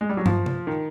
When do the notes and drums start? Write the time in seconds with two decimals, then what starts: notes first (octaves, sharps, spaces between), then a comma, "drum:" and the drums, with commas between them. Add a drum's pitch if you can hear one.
0.01 G#3
0.09 G3
0.17 F#3
0.26 F3, drum: tom
0.46 drum: tom C3
0.67 D#3